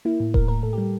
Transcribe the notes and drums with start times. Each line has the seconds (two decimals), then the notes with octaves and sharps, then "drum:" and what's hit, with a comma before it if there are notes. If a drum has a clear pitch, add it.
0.05 A#3 E4
0.20 A2
0.34 A2 A#4, drum: kick D#1
0.48 A2 A#4
0.63 A2 A4
0.73 G3 G4